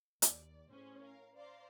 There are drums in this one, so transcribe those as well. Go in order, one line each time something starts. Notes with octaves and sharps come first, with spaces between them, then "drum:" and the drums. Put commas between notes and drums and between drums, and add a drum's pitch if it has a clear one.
D#2 D5, drum: hi-hat
A2 C#4 G#4 C5
A#4 F5
C5 D5 F5 A#5 C6